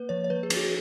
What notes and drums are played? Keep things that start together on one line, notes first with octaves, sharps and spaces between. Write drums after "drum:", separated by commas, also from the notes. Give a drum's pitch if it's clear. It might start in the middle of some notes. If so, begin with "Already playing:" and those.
Already playing: A#3 B4
F3 C#5
C#5
F3 B4
G#4
F3, drum: cymbal
F#4